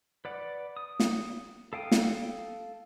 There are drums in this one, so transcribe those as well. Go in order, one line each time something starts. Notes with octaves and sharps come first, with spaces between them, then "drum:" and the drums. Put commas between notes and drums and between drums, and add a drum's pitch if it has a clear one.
B4 D5 F#5
D#6
drum: snare
A4 F5 G5 D#6
drum: snare